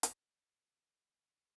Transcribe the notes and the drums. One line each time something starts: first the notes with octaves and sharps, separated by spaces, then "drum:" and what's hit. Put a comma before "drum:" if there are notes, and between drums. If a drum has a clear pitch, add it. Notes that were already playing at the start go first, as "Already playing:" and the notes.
drum: hi-hat
A#2 E3 F#3 B3 D#4
B3
F3 C5 F#5 C6
C5
G#4 D#5 F#5
F#3 G3 D4 D5